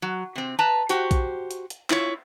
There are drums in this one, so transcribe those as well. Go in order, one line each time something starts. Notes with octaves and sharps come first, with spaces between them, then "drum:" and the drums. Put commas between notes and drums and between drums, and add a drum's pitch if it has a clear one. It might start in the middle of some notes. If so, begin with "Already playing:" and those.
F#3
C3 C4
B4 A5 A#5
F#4 G4 C5, drum: hi-hat
drum: kick A#1, hi-hat
drum: hi-hat
drum: hi-hat
E4 F4 C#5, drum: clap